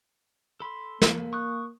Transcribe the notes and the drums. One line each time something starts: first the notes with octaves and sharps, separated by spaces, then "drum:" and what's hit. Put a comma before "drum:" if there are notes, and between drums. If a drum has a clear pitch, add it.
A4 B5 C6
A#3, drum: snare
C#6 D#6 F#6